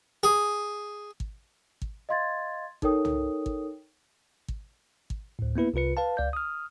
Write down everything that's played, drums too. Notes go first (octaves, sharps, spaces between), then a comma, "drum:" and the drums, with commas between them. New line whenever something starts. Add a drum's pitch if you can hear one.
G#4
drum: kick
drum: kick
D#5 F5 C6 G#6 A6
D#4 A4 A#4 C#5 G5 D#6, drum: kick
drum: tom
drum: kick
drum: kick
drum: kick
D2 A2
A#3 B3 E4 B4
C2 C3 F4 B4 C#7
B4 F5 A5
C#2 D5 F5 G6
D#6 F6